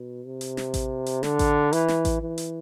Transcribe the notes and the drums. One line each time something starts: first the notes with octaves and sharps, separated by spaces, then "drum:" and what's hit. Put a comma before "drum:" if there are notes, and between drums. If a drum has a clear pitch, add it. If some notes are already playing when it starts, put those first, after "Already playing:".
Already playing: B2
C3
drum: hi-hat
drum: snare
drum: kick A1, hi-hat
drum: hi-hat
D3, drum: snare
drum: kick A1, hi-hat
E3, drum: hi-hat
drum: snare
drum: kick A1, hi-hat
E3
drum: hi-hat